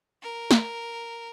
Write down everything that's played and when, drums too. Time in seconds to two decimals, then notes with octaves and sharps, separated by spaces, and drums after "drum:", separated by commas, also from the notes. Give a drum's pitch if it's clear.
0.22 A#4
0.51 drum: snare